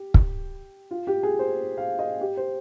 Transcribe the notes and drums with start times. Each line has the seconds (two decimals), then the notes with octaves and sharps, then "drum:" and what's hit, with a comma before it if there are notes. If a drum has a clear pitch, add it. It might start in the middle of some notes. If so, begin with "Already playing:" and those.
Already playing: G4
0.14 drum: kick
0.91 F4
1.07 G4
1.23 G#4
1.39 C5
1.78 F5
1.99 D#5
2.21 G4
2.37 C5